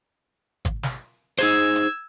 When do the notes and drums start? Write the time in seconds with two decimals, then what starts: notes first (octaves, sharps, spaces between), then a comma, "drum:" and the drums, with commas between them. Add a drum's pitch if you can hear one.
0.65 drum: kick G#1, hi-hat
0.83 drum: snare
1.39 D#4 G#4 C5 E6 G#6, drum: hi-hat
1.75 drum: hi-hat